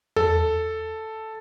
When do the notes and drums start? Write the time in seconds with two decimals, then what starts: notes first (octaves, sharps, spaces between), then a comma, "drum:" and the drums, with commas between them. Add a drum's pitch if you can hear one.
0.16 A4, drum: tom E2